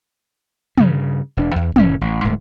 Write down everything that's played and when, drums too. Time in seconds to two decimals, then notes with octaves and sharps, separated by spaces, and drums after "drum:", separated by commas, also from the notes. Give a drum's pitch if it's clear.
0.78 G2 C#3, drum: tom
1.37 E1 D4
1.56 E2
1.76 F1 A2 C#4, drum: tom
2.01 A1
2.24 D1 G#2 A3